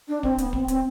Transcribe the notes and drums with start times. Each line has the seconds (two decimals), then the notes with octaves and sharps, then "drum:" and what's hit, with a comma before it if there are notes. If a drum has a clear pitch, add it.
0.08 D4
0.23 C4, drum: kick
0.38 B3, drum: hi-hat
0.53 C4, drum: kick
0.68 C4, drum: hi-hat